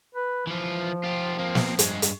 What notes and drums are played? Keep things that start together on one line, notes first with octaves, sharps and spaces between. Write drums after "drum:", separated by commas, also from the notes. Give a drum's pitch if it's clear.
B4
E3 F3 F4
F4 G4
A#3 C4
drum: snare
G2 G#3, drum: hi-hat
drum: hi-hat